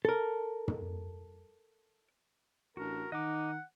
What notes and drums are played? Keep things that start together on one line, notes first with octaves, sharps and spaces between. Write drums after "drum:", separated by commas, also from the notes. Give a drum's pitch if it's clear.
A4 A#4
drum: tom
A1 D4 F#4 A#4
D#3 D#4 D#5 F#5 D6